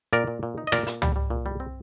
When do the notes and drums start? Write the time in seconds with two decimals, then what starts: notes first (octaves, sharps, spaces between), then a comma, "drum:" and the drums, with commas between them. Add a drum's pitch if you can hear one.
0.13 A#2 A#4 D5
0.27 A#2
0.43 A#2
0.58 D#4
0.67 D#5
0.72 A#2 A#4 D5, drum: rim click
0.87 A#2, drum: hi-hat
1.02 G3, drum: tom C#2
1.16 G3
1.30 A#2
1.46 G3
1.60 C4